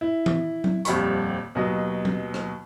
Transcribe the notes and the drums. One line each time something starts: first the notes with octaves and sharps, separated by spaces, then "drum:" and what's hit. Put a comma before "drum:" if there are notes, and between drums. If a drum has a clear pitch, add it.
E4
drum: tom E3
drum: tom F#3
D#1 F2 G3 B5 C#6, drum: hi-hat
D#2 B2 F#3 D#5
drum: tom F#3
drum: rim click